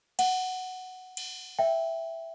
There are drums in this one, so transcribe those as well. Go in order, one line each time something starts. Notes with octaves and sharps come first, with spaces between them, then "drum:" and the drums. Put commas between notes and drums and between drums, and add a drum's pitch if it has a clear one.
F#5, drum: cymbal
drum: cymbal
E5 G5